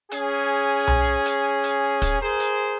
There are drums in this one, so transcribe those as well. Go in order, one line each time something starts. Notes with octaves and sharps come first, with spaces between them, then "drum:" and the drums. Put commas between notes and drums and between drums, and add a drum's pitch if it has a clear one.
C#4 G#4, drum: hi-hat
drum: tom B1
drum: hi-hat
drum: hi-hat
drum: kick, hi-hat
G#4 A#4 C5
drum: hi-hat